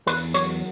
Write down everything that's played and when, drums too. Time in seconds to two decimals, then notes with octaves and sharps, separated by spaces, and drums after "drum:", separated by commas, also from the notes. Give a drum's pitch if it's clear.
0.07 E2 B4, drum: hi-hat
0.34 F#3 C#5, drum: hi-hat